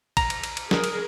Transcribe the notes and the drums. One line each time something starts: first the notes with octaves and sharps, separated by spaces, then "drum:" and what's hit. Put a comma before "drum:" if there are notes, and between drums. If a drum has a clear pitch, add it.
A#5, drum: kick, cymbal
drum: cymbal
drum: cymbal
drum: cymbal
G#4 A#4, drum: snare
drum: cymbal